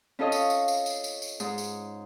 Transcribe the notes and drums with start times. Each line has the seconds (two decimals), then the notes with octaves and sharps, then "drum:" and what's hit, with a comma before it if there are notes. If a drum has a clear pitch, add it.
0.19 C#4 F4 A4 C#5 D#5
0.32 drum: tambourine
0.50 drum: tambourine
0.68 drum: tambourine
0.86 drum: tambourine
1.04 drum: tambourine
1.22 drum: tambourine
1.40 G#2, drum: tambourine
1.58 drum: tambourine